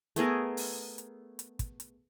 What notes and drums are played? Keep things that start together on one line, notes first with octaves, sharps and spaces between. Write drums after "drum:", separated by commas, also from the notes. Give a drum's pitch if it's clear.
A3 B3 G#4 A#4, drum: hi-hat
drum: open hi-hat
drum: hi-hat
drum: hi-hat
drum: kick, hi-hat
drum: hi-hat